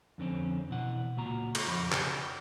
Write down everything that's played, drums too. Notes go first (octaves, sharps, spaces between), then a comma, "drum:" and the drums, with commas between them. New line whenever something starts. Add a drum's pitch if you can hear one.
F2 D3 C4 C#4
B2 E3 F#5
C#2 A#2 F#4 A#5
drum: cymbal
F2 B5
C#3 G5, drum: clap